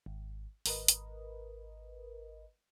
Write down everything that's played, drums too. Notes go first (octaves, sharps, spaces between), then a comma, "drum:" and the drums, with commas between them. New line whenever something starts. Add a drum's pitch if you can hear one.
G#1
G#1 A#4 B4 D#5, drum: open hi-hat
drum: hi-hat